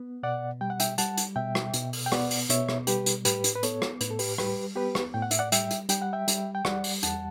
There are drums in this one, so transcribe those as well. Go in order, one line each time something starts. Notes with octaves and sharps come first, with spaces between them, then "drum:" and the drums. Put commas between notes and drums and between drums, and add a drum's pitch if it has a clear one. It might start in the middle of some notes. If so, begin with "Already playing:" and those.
Already playing: B3
B2 D5 F#5
G3 G5
F#5
E5 G5, drum: hi-hat
G3 F#5 A5, drum: hi-hat
drum: hi-hat
B2 E5 G5
drum: rim click
B2, drum: hi-hat
drum: open hi-hat
G5
B3 D5 F#5, drum: rim click
drum: open hi-hat
B2 C#5 E5, drum: hi-hat
drum: rim click
G3 G4 B4, drum: hi-hat
drum: hi-hat
A2 G4 B4, drum: hi-hat
drum: hi-hat
B4
B3 A4 C#5, drum: hi-hat
drum: rim click
A2 B4, drum: hi-hat
A4
G4 B4, drum: open hi-hat
G3 G4 B4, drum: rim click
B3 G4 B4
drum: rim click
A2 G5
F#5
E5, drum: hi-hat
D5 F#5
G3 E5 G5, drum: hi-hat
drum: hi-hat
G3 G5, drum: hi-hat
F#5
E5 G5
G3, drum: hi-hat
G5
G3 D5 F#5, drum: rim click
drum: open hi-hat
E2 F#5 A5, drum: hi-hat